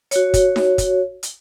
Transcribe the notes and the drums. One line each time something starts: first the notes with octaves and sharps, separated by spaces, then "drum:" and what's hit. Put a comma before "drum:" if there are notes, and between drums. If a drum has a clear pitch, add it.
F#4 C#5, drum: hi-hat
drum: kick, hi-hat
drum: snare D#4
drum: kick, hi-hat
drum: hi-hat